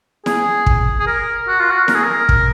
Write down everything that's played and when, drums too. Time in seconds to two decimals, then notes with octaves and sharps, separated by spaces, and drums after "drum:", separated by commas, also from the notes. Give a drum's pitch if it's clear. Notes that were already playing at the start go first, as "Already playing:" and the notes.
0.26 G#4, drum: snare E4
0.66 drum: kick
1.00 G#4
1.07 A#4
1.48 F#4
1.60 F4
1.70 F#4
1.88 A#4, drum: snare E4
1.96 G#4
2.04 A#4
2.29 drum: kick